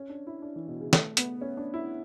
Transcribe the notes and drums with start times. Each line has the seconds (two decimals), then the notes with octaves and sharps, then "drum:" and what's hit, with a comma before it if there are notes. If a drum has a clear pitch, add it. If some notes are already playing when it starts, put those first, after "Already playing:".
Already playing: C#4
0.09 D4
0.27 E4
0.42 D4
0.56 E3
0.68 B2
0.80 C#3
0.93 A3, drum: snare
1.17 B3, drum: hi-hat
1.41 C#4
1.57 D4
1.74 E4